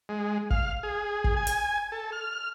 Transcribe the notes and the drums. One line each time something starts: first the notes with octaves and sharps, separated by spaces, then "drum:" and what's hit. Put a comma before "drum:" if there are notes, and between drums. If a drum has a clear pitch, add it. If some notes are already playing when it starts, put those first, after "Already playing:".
G#3
F5, drum: kick G#1
G#4
drum: kick G#1
G#5
drum: hi-hat
A4
F6